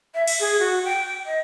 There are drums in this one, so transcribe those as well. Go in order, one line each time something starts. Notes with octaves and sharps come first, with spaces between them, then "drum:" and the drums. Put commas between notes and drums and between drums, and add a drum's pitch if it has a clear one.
E5
drum: cymbal
G#4
F#4
G5
D#5